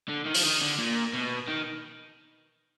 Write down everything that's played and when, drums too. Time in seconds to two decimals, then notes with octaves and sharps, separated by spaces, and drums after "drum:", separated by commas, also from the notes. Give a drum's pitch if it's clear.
0.08 D3
0.25 D#3
0.34 F3, drum: open hi-hat
0.43 D#3
0.61 D3
0.78 A#2
1.14 B2
1.49 D#3